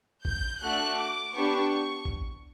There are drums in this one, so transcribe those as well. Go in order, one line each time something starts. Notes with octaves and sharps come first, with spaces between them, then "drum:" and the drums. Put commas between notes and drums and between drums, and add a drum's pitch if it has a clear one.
G6, drum: kick A1
A3 D4 F#4 A4 F#6
D6
B3 D4 G4 C#6
drum: kick A1